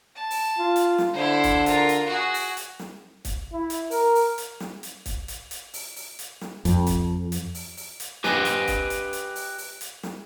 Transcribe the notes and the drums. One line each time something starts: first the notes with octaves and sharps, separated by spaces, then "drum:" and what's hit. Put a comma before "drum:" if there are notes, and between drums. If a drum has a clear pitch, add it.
A5
drum: open hi-hat
F4
drum: hi-hat
drum: snare
D3 E4 C5
drum: kick, hi-hat
F4 A#4, drum: hi-hat
drum: hi-hat
F#4 G#4
drum: open hi-hat
drum: hi-hat
drum: snare
drum: kick, hi-hat
E4
drum: hi-hat
A#4, drum: open hi-hat
drum: open hi-hat
drum: hi-hat
drum: snare
drum: hi-hat
drum: kick, hi-hat
drum: hi-hat
drum: hi-hat
drum: open hi-hat
drum: open hi-hat
drum: hi-hat
drum: snare
F2, drum: hi-hat
drum: kick, hi-hat
drum: hi-hat
drum: open hi-hat
drum: open hi-hat
drum: hi-hat
G4 B4 D#5 G#5, drum: snare
drum: hi-hat
drum: kick, hi-hat
drum: hi-hat
drum: hi-hat
drum: open hi-hat
drum: open hi-hat
drum: hi-hat
drum: snare